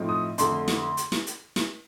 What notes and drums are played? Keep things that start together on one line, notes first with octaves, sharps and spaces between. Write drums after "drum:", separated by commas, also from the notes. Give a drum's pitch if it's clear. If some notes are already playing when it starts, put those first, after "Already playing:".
Already playing: A2 F3 A3 C4 D#4
D#6
F2 D3 A3 C6, drum: hi-hat
drum: snare
drum: hi-hat
drum: snare
drum: hi-hat
drum: snare